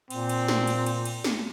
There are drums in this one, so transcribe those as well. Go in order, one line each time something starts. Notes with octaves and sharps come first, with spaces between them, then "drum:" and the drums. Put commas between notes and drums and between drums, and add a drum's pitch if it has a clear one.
A#2 C4, drum: cymbal
drum: cymbal
drum: snare
drum: cymbal
drum: cymbal
drum: cymbal
drum: snare